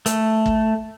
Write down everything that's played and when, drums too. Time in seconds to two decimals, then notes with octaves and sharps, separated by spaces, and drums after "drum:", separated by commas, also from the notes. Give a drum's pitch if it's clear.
0.06 A3, drum: hi-hat
0.46 drum: kick